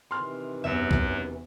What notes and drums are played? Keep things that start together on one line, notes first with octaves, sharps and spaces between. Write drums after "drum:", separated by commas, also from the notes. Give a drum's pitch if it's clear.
C3 D#3 E3 C6 F6
E1 F#2 F#3 E5
drum: kick B1